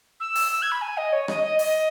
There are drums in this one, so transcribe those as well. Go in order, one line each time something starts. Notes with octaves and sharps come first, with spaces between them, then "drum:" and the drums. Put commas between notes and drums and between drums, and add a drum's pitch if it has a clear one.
E6
drum: open hi-hat
E6
G#6
B5
G#5
D#5
C#5
D#5, drum: rim click
D#5
D#5, drum: open hi-hat